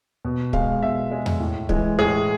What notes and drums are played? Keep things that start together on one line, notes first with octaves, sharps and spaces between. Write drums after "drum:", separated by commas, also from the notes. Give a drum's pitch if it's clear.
B2
G#3 F5, drum: kick
B2 E5
G#3
drum: tom E2
A2
E3 G#3, drum: kick
A2 G#4